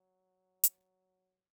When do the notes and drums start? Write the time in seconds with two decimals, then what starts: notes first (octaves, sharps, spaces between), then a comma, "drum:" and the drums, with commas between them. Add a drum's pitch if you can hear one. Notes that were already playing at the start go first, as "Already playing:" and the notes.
Already playing: F#3
0.64 drum: hi-hat